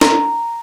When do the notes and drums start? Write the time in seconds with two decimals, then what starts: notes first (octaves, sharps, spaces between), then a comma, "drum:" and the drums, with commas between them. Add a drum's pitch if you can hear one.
0.01 A#5, drum: snare